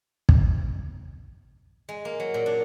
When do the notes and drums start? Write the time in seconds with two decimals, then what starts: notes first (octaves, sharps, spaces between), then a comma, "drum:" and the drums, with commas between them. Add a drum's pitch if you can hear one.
0.29 drum: kick
1.89 G#3
2.05 A#3
2.20 F#3
2.34 A#2
2.46 D4